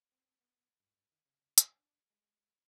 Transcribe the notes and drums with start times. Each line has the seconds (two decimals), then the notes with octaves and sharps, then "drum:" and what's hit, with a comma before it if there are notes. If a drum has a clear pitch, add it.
0.12 C4
0.41 B3
0.80 G2
1.12 D#3
1.25 C#3
1.58 drum: hi-hat
1.76 D4
2.10 G#3